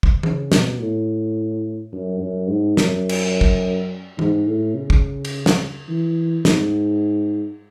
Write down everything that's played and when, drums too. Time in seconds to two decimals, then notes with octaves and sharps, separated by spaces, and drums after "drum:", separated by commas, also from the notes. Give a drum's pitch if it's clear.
0.03 drum: kick
0.23 C#3, drum: tom E3
0.52 B2, drum: snare
0.80 A2
1.92 F#2
2.20 F#2
2.49 G#2
2.77 F#2, drum: snare
3.09 drum: cymbal
3.41 drum: kick
4.19 G#2, drum: tom E3
4.47 A2
4.75 C#3
4.90 drum: kick
5.25 drum: cymbal
5.46 drum: snare
5.88 E3
6.45 G#2, drum: snare